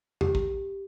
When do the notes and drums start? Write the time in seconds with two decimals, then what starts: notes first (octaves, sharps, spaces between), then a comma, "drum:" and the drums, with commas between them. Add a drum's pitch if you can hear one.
0.21 G4, drum: tom E2
0.35 drum: kick